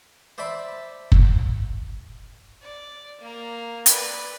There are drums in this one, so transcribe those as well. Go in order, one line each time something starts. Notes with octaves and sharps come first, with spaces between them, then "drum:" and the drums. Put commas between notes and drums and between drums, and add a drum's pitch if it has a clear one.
C5 D5 E5 A5 B5 D6
drum: kick
D5
A#3 A#5
B4 D5, drum: hi-hat